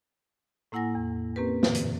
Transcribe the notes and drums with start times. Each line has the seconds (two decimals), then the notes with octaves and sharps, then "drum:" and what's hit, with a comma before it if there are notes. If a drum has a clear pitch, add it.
0.72 A2 A#3 E4 F#5 G#5 A#6
0.95 E2
1.36 A#3 C4 C#4 G4 A#4 B4
1.63 F#2 A#2 D3 E3, drum: snare
1.74 drum: hi-hat